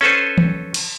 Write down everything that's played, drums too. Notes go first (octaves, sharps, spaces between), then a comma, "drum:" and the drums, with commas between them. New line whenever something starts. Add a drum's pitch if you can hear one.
C#4 A4 B4 C5
drum: tom E3
drum: cymbal